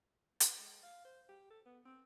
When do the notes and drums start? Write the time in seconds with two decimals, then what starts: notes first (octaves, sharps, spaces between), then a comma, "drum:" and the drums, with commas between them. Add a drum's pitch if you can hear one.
0.40 B4, drum: hi-hat
0.59 G#3
0.83 F5
1.05 C5
1.29 G4
1.50 A4
1.66 B3
1.85 C4